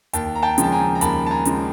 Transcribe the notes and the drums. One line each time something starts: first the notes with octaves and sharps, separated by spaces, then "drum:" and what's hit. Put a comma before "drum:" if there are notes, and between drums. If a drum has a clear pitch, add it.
D#2 G5 A5, drum: hi-hat
A#5
G5 A5
C#3 F3 G#3, drum: hi-hat
A5
G#5 A#5
A#5
D#2 A5 B5, drum: hi-hat
A5
G#5 A#5
C#3 F3 G#3, drum: hi-hat